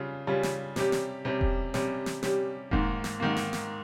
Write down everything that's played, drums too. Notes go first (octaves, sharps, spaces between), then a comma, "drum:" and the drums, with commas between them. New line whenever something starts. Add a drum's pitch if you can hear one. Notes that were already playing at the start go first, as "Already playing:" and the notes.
Already playing: C#3 G3 C#4 F4
C#3 G3 C#4 F4
drum: snare
C3 G3 C#4 G4, drum: snare
drum: snare
C3 G3 C#4 G4
drum: kick E1
C3 G3 C#4 G4, drum: snare
drum: snare
C3 G3 C#4 G4, drum: snare
G#2 D#3 A#3, drum: kick E1
drum: snare
G#2 D#3 A#3
drum: snare
drum: snare